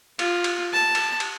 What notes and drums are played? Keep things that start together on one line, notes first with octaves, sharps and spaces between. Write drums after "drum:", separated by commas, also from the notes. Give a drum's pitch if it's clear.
F4, drum: cymbal
drum: cymbal
A5
drum: cymbal
drum: cymbal